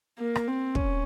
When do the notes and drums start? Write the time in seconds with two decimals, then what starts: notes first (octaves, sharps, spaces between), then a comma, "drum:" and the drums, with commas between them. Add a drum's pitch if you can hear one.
0.19 A#3
0.35 drum: rim click
0.48 C4
0.75 C#4, drum: kick